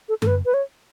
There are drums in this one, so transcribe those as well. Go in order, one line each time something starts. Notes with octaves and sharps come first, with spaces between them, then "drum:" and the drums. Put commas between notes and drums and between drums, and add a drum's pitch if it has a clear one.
A4
A4, drum: tom F#2
B4
B4
C#5